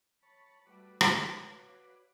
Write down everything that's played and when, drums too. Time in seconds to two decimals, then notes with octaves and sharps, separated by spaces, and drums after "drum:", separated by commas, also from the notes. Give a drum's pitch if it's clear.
0.23 C#5 A5 B5
0.66 G3 A3 F#4 B4 D5
1.01 C#5 F5, drum: rim click